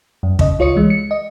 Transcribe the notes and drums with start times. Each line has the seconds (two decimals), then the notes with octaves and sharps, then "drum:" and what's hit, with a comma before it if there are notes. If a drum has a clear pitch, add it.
0.23 F#2
0.39 C#3 D#5, drum: kick
0.59 C#2 F4 C#5 D#5 C#7
0.76 E3 G#3
0.90 C#7
1.11 D#5